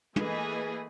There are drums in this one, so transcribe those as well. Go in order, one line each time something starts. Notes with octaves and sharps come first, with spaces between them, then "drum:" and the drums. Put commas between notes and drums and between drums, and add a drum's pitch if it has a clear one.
E3 A3 A#3 G#4 B4 D#5, drum: tom